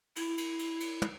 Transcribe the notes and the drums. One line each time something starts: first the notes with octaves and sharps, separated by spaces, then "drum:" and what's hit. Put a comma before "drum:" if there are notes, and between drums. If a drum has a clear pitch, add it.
E4, drum: cymbal
drum: cymbal
drum: cymbal
drum: cymbal
drum: tom